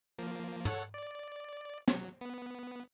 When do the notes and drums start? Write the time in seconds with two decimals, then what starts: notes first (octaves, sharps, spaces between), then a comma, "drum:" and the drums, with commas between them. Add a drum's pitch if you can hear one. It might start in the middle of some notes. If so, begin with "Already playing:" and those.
0.18 F3 A#3
0.65 A4 C#5 F#5, drum: tom
0.94 D5
1.88 F#3, drum: snare
2.21 B3